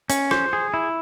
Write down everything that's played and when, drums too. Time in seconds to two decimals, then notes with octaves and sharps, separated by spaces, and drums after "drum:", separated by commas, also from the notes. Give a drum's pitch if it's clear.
0.10 C#4, drum: hi-hat
0.31 C5, drum: rim click
0.53 G#4
0.74 E4